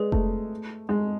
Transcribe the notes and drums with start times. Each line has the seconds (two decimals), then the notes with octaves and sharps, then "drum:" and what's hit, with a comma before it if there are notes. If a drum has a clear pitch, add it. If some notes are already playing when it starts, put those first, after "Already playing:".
Already playing: G#3 G#4 B4 D5
0.12 A3, drum: kick F1
0.89 G#3